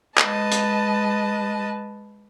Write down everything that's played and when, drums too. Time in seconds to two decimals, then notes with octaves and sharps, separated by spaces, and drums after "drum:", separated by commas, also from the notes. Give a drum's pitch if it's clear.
0.18 G#3 B4 D#5 A5, drum: clap
0.51 drum: hi-hat